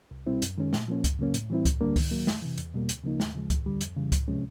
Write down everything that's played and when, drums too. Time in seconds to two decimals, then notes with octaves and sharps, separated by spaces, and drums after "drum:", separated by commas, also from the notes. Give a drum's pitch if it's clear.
0.11 C2
0.26 B2 G3 C4 E4
0.42 F#2, drum: hi-hat
0.58 D#3 G#3 C#4
0.73 A#2, drum: snare
0.88 F3 A#3 C#4
1.04 F2, drum: kick C#2, hi-hat
1.19 C#3 F#3 A#3 C#4
1.34 A2, drum: hi-hat
1.50 E3 G3 C4 E4
1.65 D#2, drum: kick C#2, hi-hat
1.81 D3 G3 A#3 D4
1.96 D#3, drum: kick C#2, open hi-hat
2.11 F#3 A#3
2.27 F2, drum: snare
2.42 C3 E3
2.58 E2, drum: hi-hat
2.74 B2 G3 A#3
2.89 D2, drum: hi-hat
3.04 C#3 F3 A#3 D#4
3.20 D#2, drum: snare
3.35 C#3 F3 G#3
3.50 D#2, drum: kick C#2, hi-hat
3.66 D3 G3
3.81 F2, drum: hi-hat
3.97 C#3 E3 G3
4.12 D2, drum: kick C#2, hi-hat
4.28 C3 F3 G#3 C#4